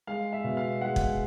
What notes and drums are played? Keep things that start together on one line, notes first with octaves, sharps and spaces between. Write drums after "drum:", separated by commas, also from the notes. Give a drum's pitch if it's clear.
G#3 F5
E5
B2
F5
G#3 F#5
drum: kick